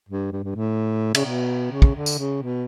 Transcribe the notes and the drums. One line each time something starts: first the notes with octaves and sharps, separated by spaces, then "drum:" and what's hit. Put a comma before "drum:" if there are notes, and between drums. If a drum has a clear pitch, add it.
G2
G2
G2
A2
C#3, drum: cymbal
B2
C#3
drum: kick
D3
drum: tambourine
C#3
B2